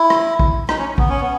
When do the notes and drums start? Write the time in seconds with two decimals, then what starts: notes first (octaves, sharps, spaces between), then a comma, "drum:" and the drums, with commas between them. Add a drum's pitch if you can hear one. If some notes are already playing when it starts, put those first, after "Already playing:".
Already playing: E4
0.10 drum: rim click
0.40 drum: kick
0.69 D#4, drum: rim click
0.78 C#4
0.98 B3, drum: kick
1.09 C#4
1.21 B3